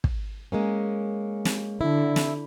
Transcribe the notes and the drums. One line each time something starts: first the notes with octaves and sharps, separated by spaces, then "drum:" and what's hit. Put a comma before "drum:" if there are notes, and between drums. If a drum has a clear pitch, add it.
drum: kick
G#3 A#3 C#4
drum: snare
D3 E4
drum: snare